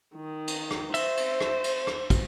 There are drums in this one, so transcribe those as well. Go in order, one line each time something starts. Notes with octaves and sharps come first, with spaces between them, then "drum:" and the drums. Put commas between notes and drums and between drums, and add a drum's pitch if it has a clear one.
D#3
drum: cymbal
drum: rim click
C5 E5, drum: cymbal
drum: cymbal
drum: rim click
drum: cymbal
drum: rim click
drum: kick, cymbal